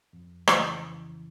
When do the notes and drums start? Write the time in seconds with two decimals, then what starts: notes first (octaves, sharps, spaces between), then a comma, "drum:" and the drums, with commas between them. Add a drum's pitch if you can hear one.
0.13 F2
0.47 C#3 E3, drum: rim click